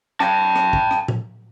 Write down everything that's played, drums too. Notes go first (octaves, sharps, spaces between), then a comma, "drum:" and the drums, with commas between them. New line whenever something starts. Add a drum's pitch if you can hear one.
G5 A5, drum: rim click
drum: rim click
drum: kick
drum: rim click
drum: tom A#2